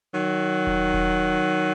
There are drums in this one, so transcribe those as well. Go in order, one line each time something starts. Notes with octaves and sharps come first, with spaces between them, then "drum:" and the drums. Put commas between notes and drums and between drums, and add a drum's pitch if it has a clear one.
D#3 F#3
drum: kick E1
drum: kick E1